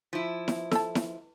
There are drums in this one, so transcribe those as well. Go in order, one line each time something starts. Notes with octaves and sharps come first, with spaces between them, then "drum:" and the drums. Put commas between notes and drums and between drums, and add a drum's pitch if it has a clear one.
F3 E4
drum: snare E4
A4 A5, drum: snare E4
drum: snare E4